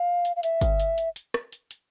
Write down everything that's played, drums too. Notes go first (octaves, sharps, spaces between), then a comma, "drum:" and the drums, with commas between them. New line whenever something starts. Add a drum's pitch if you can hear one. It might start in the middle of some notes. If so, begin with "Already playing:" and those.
Already playing: F5
drum: hi-hat
F5
E5, drum: hi-hat
drum: kick G1, hi-hat
drum: hi-hat
drum: hi-hat
drum: hi-hat
drum: rim click
drum: hi-hat
drum: hi-hat